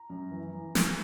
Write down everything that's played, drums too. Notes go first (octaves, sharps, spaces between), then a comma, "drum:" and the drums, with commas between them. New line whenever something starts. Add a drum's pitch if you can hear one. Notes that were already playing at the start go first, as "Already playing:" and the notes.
Already playing: A#5
F#2
E3
E3
E3, drum: snare